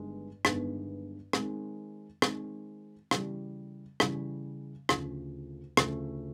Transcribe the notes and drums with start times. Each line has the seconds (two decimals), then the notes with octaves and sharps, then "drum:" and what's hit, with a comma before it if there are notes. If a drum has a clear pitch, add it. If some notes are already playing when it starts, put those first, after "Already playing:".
Already playing: G1 G2 D#3 G#3 B3
0.45 G1 G2 D#3 G#3 B3, drum: rim click
1.33 D#3 G#3 C4, drum: rim click
2.22 D#3 G#3 C4, drum: rim click
3.11 C#3 E3 G3, drum: rim click
4.00 C#3 E3 G3, drum: rim click
4.89 D2 C#3 F3 A3, drum: rim click
5.77 D2 C#3 F3 A3, drum: rim click